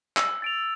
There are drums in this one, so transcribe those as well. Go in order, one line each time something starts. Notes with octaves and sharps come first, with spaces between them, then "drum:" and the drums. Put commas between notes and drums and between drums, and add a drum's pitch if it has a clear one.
E6, drum: clap
A6 D7 F7